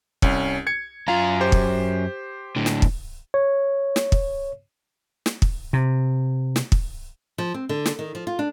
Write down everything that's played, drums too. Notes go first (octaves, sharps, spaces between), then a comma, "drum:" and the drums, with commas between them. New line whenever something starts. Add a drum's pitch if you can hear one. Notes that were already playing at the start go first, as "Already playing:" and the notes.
C2 C#4, drum: kick
G#6 C#7
F#2 F4 F5 A#5
G4 C5
drum: kick
A2 D3
drum: snare
drum: kick
C#5
drum: snare
drum: kick
drum: snare
drum: kick
C3
drum: snare
drum: kick
F3
C4
D3
drum: snare
D#3
F3
F4
D4